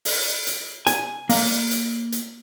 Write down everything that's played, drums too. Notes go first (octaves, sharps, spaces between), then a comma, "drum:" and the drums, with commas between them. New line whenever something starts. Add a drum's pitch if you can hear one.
drum: open hi-hat
drum: hi-hat
G#5, drum: hi-hat
A#3, drum: open hi-hat
drum: hi-hat
drum: hi-hat